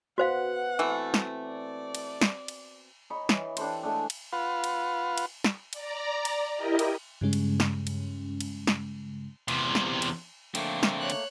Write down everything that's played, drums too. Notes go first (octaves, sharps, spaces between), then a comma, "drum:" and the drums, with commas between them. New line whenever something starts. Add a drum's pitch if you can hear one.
B2 F#4 C5 F5 F#5
E3 A3 C4
drum: snare
D5
drum: cymbal
drum: snare
drum: cymbal
D#4 C#5 B5
E3, drum: snare
D4 G4 A4 C5, drum: cymbal
G#3 A3 D4
drum: cymbal
F4 B4 F5 F#5
drum: cymbal
drum: cymbal
drum: snare
D5 A#5, drum: cymbal
drum: cymbal
E4 G4 A#4 D#5
drum: cymbal
G2 C#3 G#3 C#4
drum: cymbal
drum: snare
drum: cymbal
drum: cymbal
drum: snare
E2 C3, drum: cymbal
drum: snare
drum: cymbal
D3 A3 A#3 C4, drum: cymbal
drum: snare
C#5 F#6
drum: cymbal